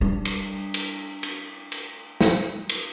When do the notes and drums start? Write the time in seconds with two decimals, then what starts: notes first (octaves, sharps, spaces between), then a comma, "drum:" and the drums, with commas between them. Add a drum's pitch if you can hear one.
0.01 G3 D4
0.25 drum: cymbal
0.74 drum: cymbal
1.23 drum: cymbal
1.72 drum: cymbal
2.21 drum: snare
2.69 drum: cymbal